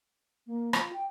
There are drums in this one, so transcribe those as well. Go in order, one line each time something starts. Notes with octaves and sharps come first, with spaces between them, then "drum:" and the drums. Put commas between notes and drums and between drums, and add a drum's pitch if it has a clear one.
A#3
F4, drum: rim click
G5